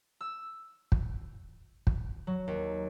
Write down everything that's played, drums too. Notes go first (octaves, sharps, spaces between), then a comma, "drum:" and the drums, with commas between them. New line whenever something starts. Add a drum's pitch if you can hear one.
E6
drum: kick
drum: kick
F#3
D#2